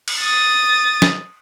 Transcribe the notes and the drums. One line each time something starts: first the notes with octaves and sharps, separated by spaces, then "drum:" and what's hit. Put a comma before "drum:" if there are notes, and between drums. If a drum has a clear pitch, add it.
drum: cymbal
D#6 A6
drum: snare